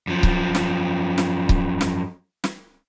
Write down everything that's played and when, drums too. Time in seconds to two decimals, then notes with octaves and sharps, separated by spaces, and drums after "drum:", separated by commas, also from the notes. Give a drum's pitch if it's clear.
0.07 F#2 F3
0.23 drum: kick C#1
0.55 drum: snare
1.18 drum: snare
1.49 drum: kick C#1
1.81 drum: snare
2.44 drum: snare